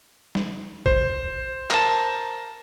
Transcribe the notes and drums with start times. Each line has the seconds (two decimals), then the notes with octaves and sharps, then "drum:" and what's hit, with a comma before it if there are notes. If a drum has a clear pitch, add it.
0.35 drum: snare
0.86 C5, drum: kick A#1
1.71 A#4 A5, drum: clap